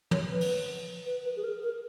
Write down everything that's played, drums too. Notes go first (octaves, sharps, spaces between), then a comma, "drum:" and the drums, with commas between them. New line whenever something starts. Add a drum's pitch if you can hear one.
C#5, drum: tom
B4
drum: open hi-hat
B4
B4
G#4
A#4
A#4